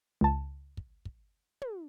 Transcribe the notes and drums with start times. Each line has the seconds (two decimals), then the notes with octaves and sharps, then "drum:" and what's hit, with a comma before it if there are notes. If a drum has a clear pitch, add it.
0.21 C#2 A5
0.77 drum: kick
1.05 drum: kick
1.62 drum: tom